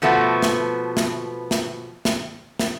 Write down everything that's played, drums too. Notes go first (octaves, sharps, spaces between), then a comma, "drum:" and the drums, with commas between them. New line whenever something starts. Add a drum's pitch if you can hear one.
B2 F3 A3 B3 F#4
drum: snare
drum: snare
drum: snare
drum: snare
drum: snare